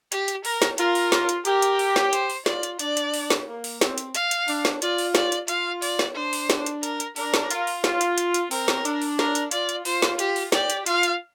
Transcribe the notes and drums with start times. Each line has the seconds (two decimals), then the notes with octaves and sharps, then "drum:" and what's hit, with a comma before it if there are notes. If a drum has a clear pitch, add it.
0.12 G4, drum: hi-hat
0.28 drum: hi-hat
0.45 A#4, drum: open hi-hat
0.62 drum: snare
0.78 F4 A#4, drum: hi-hat
0.95 drum: open hi-hat
1.12 drum: snare
1.29 drum: hi-hat
1.45 G4 A#4, drum: hi-hat
1.62 drum: hi-hat
1.79 drum: open hi-hat
1.96 drum: snare
2.13 C5, drum: hi-hat
2.30 drum: open hi-hat
2.46 F4 D5, drum: snare
2.63 drum: hi-hat
2.79 D4 D5, drum: hi-hat
2.97 drum: hi-hat
3.14 drum: open hi-hat
3.30 drum: snare
3.47 A#3
3.64 drum: open hi-hat
3.81 C4, drum: snare
3.98 drum: hi-hat
4.15 F5, drum: hi-hat
4.31 drum: hi-hat
4.48 D4, drum: open hi-hat
4.65 drum: snare
4.82 F4 D5, drum: hi-hat
4.98 drum: open hi-hat
5.15 D5, drum: snare
5.32 drum: hi-hat
5.48 F4 F5, drum: hi-hat
5.82 D5, drum: open hi-hat
5.99 drum: snare
6.15 D4 C5
6.33 drum: open hi-hat
6.50 drum: snare
6.66 drum: hi-hat
6.83 A#4, drum: hi-hat
7.00 drum: hi-hat
7.16 D4 A#4, drum: open hi-hat
7.34 drum: snare
7.51 F4, drum: hi-hat
7.67 drum: open hi-hat
7.84 F4, drum: snare
8.01 drum: hi-hat
8.18 drum: hi-hat
8.34 drum: hi-hat
8.51 C4 A#4, drum: open hi-hat
8.68 drum: snare
8.85 D4, drum: hi-hat
9.02 drum: open hi-hat
9.19 A#4, drum: snare
9.35 drum: hi-hat
9.51 F4 D5, drum: hi-hat
9.69 drum: hi-hat
9.85 F4 C5, drum: open hi-hat
10.02 drum: snare
10.19 G4, drum: hi-hat
10.36 drum: open hi-hat
10.52 G4 D5, drum: snare
10.70 drum: hi-hat
10.86 F4 F5, drum: hi-hat
11.03 drum: hi-hat